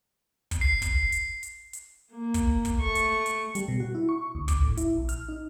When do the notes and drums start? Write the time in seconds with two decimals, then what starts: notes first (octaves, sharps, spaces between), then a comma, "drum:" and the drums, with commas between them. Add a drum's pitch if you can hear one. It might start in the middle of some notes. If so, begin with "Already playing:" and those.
0.51 drum: kick, hi-hat
0.61 C7
0.82 drum: kick, hi-hat
1.12 drum: hi-hat
1.43 drum: hi-hat
1.73 drum: hi-hat
2.12 A#3
2.34 drum: kick, hi-hat
2.65 drum: kick, hi-hat
2.81 A3 C#6
2.95 drum: hi-hat
3.26 drum: hi-hat
3.55 G3, drum: hi-hat
3.68 B2
3.80 F#4
3.95 E4
4.09 C#6
4.35 D2
4.48 D6, drum: kick, hi-hat
4.63 A2
4.77 E4, drum: hi-hat
4.97 A#1
5.09 F6, drum: hi-hat
5.28 D#4